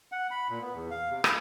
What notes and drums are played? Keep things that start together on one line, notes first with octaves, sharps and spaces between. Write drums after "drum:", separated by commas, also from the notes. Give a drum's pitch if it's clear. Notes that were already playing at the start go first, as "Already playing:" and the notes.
F#5
B5
A#2
B3
E2
F5
C3
B5, drum: rim click